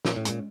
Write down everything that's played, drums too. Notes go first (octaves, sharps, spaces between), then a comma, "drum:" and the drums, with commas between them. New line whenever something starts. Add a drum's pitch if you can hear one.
A#2 C#4, drum: snare
A2
A#2 G#3, drum: hi-hat